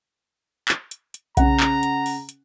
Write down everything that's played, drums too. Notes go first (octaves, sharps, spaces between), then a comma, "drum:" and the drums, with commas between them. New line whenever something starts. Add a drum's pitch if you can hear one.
drum: clap
drum: hi-hat
drum: hi-hat
C#3 F#5 A#5, drum: kick B1, hi-hat
drum: clap
drum: hi-hat
drum: open hi-hat
drum: hi-hat